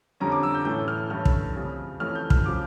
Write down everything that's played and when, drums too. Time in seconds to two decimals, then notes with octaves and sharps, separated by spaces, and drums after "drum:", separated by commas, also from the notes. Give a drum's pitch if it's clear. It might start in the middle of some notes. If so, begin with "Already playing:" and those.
0.20 F2 D3 G3 C#4 A#5
0.32 D6
0.43 E6
0.54 G6
0.65 A2 E3 A3 C#4 G6
0.88 F6
1.10 G2 E3 A3 C#4 F6
1.25 drum: kick
1.55 F2 C#3 G3 C#4
2.00 F2 E3 A3 C#4 F6
2.15 G6
2.30 F6, drum: kick
2.46 C#3 F3 D6